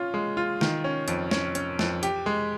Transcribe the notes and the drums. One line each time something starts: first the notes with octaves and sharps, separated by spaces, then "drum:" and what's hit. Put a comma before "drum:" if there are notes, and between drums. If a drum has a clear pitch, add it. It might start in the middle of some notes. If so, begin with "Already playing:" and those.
Already playing: C#4 F4
G#3
F4
D#3, drum: snare
C#4
F2, drum: hi-hat
C#4, drum: snare
C#4, drum: hi-hat
F2, drum: snare
G4, drum: hi-hat
G#3